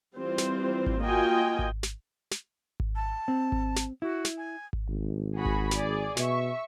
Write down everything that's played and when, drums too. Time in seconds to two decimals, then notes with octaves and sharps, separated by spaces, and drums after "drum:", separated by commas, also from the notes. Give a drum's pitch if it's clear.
0.17 E3 G3 C4 F4 C5
0.38 drum: snare
0.86 drum: kick G#1
1.03 A#3 F4 F#4 D#5 G5 G#5
1.59 drum: kick G#1
1.83 drum: snare
2.31 drum: snare
2.80 drum: kick G#1
2.95 A5
3.28 C4
3.52 drum: kick G#1
3.76 drum: snare
4.02 E4 F#4
4.25 drum: snare
4.37 G#5
4.73 drum: kick G#1
4.89 G#1
5.35 F#4 G#4 B5
5.45 drum: kick G#1
5.71 G#4 D5, drum: snare
6.17 B2 E5 C#6, drum: snare